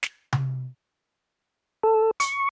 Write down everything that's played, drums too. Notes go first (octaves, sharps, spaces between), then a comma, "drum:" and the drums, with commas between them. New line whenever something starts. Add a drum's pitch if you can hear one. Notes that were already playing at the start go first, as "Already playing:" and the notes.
drum: snare
drum: tom C3
A4
C#6, drum: hi-hat